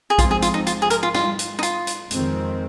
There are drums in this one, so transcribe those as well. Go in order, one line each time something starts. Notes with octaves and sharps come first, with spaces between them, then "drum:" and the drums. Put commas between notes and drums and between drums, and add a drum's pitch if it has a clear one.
G#4
G#2 F3 C4 F4, drum: kick A#1, hi-hat
G#4
F4, drum: hi-hat
D#4
F4, drum: hi-hat
G#4
A#4, drum: hi-hat
F4
F4, drum: snare
drum: hi-hat
D#4
F4, drum: hi-hat
drum: hi-hat
F2 D#3 G#3 C4, drum: hi-hat